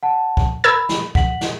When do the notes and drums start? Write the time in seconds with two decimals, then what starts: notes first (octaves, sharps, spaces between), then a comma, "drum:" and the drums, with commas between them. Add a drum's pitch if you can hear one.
0.03 F#5 A5
0.37 drum: kick
0.64 A#4 B5 E6 G#6
0.89 drum: snare
1.15 F#5 B6 F#7, drum: kick
1.41 drum: snare